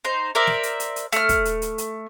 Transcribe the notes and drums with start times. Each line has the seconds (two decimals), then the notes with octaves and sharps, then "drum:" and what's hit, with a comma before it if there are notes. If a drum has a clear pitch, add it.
0.05 D#4 C5
0.35 A#4 C5 D5 E5
0.47 drum: snare
0.63 drum: hi-hat
0.80 drum: hi-hat
0.96 drum: hi-hat
1.12 A3 F6, drum: hi-hat
1.29 drum: kick, hi-hat
1.45 drum: hi-hat
1.62 drum: hi-hat
1.78 drum: hi-hat